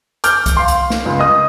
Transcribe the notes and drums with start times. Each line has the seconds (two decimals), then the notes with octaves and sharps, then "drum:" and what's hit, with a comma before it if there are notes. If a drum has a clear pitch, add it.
0.24 D6 F6 G6, drum: hi-hat
0.46 drum: kick C2, hi-hat
0.57 F5 C6
0.68 drum: hi-hat
0.90 drum: snare
1.06 C#2
1.19 D#5 D#6